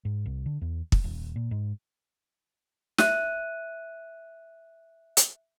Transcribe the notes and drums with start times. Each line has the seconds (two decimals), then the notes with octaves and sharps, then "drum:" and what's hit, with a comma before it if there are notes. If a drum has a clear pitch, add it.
0.05 G#2
0.26 C2
0.46 D3
0.61 E2
0.92 F#1, drum: kick
1.04 D#1
1.36 A#2
1.51 G#2
2.98 E5 F#6 D#7, drum: snare
5.17 drum: hi-hat